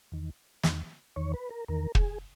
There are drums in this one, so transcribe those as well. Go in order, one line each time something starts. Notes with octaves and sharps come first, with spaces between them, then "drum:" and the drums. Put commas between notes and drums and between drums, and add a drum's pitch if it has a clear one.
E2 D#3
E2 D#3, drum: snare
E2 D#3 C#5
B4
A#4
E2 D#3 A#4
G#4, drum: kick